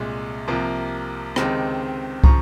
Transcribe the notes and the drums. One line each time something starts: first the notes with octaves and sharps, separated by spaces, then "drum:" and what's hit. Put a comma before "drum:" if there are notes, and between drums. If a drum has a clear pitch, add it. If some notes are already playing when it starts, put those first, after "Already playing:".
Already playing: C2 A#2 G#3
C2 C3 F3 A#3
C#2 C3 D#3 G#3 C4, drum: rim click
C#3 F3 A#5 C#6, drum: kick